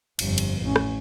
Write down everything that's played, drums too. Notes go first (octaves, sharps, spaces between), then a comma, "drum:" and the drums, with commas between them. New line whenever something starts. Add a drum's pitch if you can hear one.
G1 F2, drum: cymbal
drum: cymbal
A1 C#4
drum: rim click